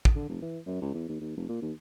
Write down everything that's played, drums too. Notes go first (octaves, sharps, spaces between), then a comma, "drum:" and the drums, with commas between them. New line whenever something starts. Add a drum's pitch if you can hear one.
drum: kick
D3
F1
E3
F#2
C#2
E2
D#2
D#2
F1
A#2
D#2